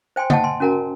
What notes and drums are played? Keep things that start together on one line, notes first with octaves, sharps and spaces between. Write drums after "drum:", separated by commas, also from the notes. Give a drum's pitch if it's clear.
C5 G5 G#5 C6
D#5 F#5 G5 A5, drum: tom
G#5 C6
C#4 F#4 A#4 G#5 A#5